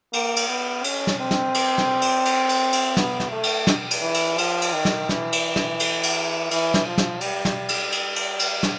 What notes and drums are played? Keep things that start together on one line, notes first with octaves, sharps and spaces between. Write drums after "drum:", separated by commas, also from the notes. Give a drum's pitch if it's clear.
A#3, drum: cymbal
drum: cymbal
B3
C#4, drum: cymbal
drum: snare
C4
drum: snare
drum: cymbal
drum: snare
drum: cymbal
drum: cymbal
drum: cymbal
drum: cymbal
B3, drum: snare
drum: snare
A3
drum: cymbal
drum: snare
drum: cymbal
E3
drum: cymbal
F3, drum: cymbal
drum: cymbal
D#3
drum: snare
E3, drum: snare
drum: cymbal
drum: snare
drum: cymbal
drum: cymbal
E3, drum: cymbal
drum: snare
F3
drum: snare
G3, drum: cymbal
drum: snare
drum: cymbal
drum: cymbal
drum: cymbal
drum: cymbal
drum: snare